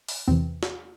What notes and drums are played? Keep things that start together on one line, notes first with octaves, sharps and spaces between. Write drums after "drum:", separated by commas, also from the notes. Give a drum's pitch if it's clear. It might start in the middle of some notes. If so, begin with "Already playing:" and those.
drum: open hi-hat
E2 C3 E3 C4
drum: snare